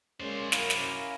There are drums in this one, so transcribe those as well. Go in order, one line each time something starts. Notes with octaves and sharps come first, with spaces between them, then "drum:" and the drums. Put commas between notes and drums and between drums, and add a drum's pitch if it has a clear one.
G#3 A#3 C#4 C5 D5
F#2 C#4 E4 A#4 F5, drum: snare
drum: snare